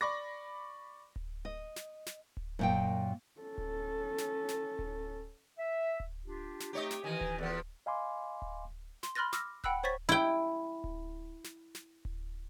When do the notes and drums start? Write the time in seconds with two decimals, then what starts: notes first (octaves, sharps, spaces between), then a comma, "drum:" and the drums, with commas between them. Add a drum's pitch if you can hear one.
0.01 D5 B5 C#6 D6 A#6
1.16 drum: kick D1
1.45 D#5
1.76 drum: snare
2.06 drum: snare
2.37 drum: kick D1
2.59 F#2 A#2 G5
3.40 C#4 A4
3.58 drum: kick D1
4.18 drum: snare
4.48 drum: snare
4.79 drum: kick D1
5.58 E5
6.00 drum: kick D1
6.26 D4 F4 G4
6.60 drum: snare
6.73 A3 C4 D#4 G4 C#5 D#5
6.91 drum: snare
7.04 D#3 E3 D#5 G#5
7.21 drum: kick D1
7.38 E2 F3 A4 B4 D5
7.86 D#5 F5 G#5 B5 C6 D6
8.42 drum: kick D1
9.03 C6, drum: snare
9.15 B5 C6 F6 F#6 A6 A#6
9.33 D6 E6 F6 A#6, drum: snare
9.64 F#5 G5 B5 E6 F#6, drum: kick D1
9.83 C5 C#5 C#6 A6 B6
10.09 E4 G5
10.84 drum: kick D1
11.44 drum: snare
11.75 drum: snare
12.05 drum: kick D1